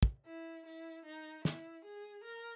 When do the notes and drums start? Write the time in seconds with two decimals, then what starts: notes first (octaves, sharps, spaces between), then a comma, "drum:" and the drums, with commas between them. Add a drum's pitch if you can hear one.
0.03 drum: kick
0.26 E4
0.66 E4
1.06 D#4
1.45 E4, drum: snare
1.85 G#4
2.24 A#4